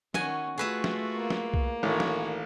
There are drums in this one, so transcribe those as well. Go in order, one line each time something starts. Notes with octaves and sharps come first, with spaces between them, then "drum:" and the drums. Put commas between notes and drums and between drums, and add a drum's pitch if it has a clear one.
D#3 C#4 F#4 G#5, drum: snare
A3 F4 F#4 G#4 B4 E5
drum: snare
A#3
drum: snare
drum: kick C2
A1 D#3 F#4 C#5
drum: snare